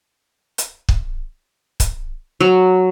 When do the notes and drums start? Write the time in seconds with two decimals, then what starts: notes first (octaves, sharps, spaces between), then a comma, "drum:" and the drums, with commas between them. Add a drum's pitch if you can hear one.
0.58 drum: hi-hat
0.89 drum: kick
1.80 drum: kick, hi-hat
2.40 F#3